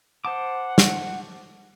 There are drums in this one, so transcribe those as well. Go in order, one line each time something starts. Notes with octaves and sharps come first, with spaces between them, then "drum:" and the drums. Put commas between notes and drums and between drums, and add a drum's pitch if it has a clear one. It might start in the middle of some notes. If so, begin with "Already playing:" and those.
C5 F#5 A5 D6
drum: snare